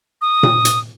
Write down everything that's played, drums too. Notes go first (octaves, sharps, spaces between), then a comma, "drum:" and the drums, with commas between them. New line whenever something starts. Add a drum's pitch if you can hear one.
D#6
drum: tom A#2
drum: hi-hat